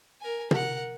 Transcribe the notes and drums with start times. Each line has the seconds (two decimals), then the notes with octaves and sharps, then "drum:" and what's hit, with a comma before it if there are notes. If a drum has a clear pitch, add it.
0.21 A#4 G#5
0.51 A#4 F#5, drum: tom